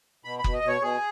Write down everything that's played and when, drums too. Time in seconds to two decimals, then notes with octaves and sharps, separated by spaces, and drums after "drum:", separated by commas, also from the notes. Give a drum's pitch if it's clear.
0.25 B2 B5
0.39 B5
0.44 B2, drum: kick F#1
0.53 D#5
0.63 B2
0.68 C#5
0.81 B2 G#4